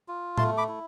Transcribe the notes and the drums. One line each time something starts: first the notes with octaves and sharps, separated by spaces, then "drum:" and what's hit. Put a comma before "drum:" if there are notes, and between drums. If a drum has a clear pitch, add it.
F4
A3 A5 C6, drum: tom A2
B5 D6
E4